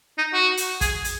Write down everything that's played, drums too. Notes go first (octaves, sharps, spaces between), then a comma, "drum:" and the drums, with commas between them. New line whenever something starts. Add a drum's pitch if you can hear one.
D#4
F#4
drum: hi-hat
G#4, drum: kick, hi-hat
drum: hi-hat